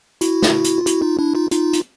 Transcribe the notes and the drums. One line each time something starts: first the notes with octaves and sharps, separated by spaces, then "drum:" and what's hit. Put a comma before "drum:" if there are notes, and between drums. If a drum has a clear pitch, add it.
E4 F#4, drum: hi-hat
drum: snare
drum: hi-hat
F4
E4 F#4, drum: hi-hat
D#4 F4
D4 E4
D#4 F4
D#4 F4, drum: hi-hat
drum: hi-hat